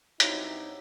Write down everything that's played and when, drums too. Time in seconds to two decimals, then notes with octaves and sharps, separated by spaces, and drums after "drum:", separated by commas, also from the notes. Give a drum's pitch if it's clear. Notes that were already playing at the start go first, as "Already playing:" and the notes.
0.20 G2 F#3 C4 D#4 E4 G4, drum: hi-hat